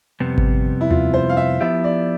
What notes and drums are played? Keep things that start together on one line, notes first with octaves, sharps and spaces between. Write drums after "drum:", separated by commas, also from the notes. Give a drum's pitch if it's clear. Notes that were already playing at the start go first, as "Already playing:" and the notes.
F2 C3 G3 B3
drum: kick G#1
E4
F4, drum: tom D#2
C5
F5
E5
F3 B3 E4 G4 E5
D5